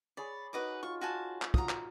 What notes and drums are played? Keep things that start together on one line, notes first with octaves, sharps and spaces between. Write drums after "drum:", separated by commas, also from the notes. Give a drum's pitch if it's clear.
G#4 C#5 D5 B5
D#4 F#4 A#4 B4 D#5 D6
F4 C#6
F#4 G#5 A5
drum: clap
F4 F#4 A#5 D#6, drum: kick
drum: clap